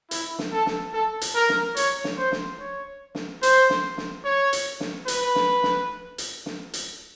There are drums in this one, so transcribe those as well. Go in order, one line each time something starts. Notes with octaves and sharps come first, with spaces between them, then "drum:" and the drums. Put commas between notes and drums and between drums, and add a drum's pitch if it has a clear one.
E4, drum: hi-hat
drum: snare
A4
drum: snare
A4
drum: hi-hat
A#4
drum: snare
C#5, drum: hi-hat
drum: snare
C5
drum: snare
C#5
drum: snare
C5, drum: hi-hat
drum: snare
drum: snare
C#5
drum: hi-hat
drum: snare
B4, drum: hi-hat
drum: snare
drum: snare
drum: hi-hat
drum: snare
drum: hi-hat